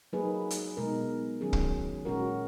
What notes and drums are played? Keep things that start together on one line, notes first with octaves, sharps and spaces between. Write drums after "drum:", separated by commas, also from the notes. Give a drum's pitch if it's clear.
F#3 A#3 D#4 G#4 B4
drum: hi-hat
B2 G#3 D#4 A#4
D#3 F#3 C#4 G#4
drum: kick
A#2 G#3 C#4 F#4 A#4